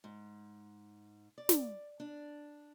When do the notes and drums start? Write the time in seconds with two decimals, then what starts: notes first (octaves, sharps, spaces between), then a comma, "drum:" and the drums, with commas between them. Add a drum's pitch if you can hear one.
0.04 G#2
1.38 D5
1.49 drum: snare
2.00 D4